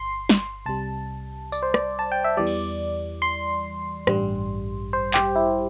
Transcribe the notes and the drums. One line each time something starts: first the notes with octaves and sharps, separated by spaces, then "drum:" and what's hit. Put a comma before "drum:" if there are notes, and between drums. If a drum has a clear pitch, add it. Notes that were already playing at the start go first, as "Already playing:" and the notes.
Already playing: G1 C6
drum: snare
C2 C3 G3 A5
D5, drum: tambourine
C5
D5, drum: rim click
A5
G5
E5
E2 E3 G3 D5
drum: cymbal
C6
A1 G2 G3, drum: rim click
C5
G4, drum: clap
E4